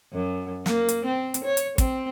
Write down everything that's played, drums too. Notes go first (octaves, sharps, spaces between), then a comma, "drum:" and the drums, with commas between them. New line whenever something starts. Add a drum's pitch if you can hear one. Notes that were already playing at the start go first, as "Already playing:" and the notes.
F#2
A#3, drum: snare
drum: hi-hat
C4
drum: hi-hat
C#5
drum: hi-hat
C4, drum: kick, hi-hat